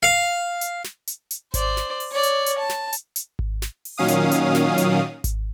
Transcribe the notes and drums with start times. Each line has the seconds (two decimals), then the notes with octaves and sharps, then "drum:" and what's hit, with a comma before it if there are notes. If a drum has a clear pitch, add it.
0.03 F5
0.61 drum: hi-hat
0.84 drum: snare
1.07 drum: hi-hat
1.31 drum: hi-hat
1.54 C5 D5, drum: kick G#1, hi-hat
1.77 drum: snare
2.00 drum: open hi-hat
2.12 C#5 D5
2.23 drum: hi-hat
2.46 drum: hi-hat
2.59 A5
2.69 drum: snare
2.93 drum: hi-hat
3.16 drum: hi-hat
3.39 drum: kick G#1
3.62 drum: snare
3.85 drum: open hi-hat
3.98 A#2 D#3 F#3 C#4 F5 D#6
4.08 drum: hi-hat
4.31 drum: hi-hat
4.55 drum: snare
4.78 drum: hi-hat
5.24 drum: kick G#1, hi-hat